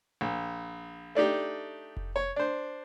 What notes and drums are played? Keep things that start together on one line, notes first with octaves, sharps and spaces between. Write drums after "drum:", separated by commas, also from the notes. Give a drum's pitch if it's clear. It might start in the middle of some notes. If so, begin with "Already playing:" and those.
A#1
A3 D4 D#4 G4
drum: kick F1
C#5
D4 C5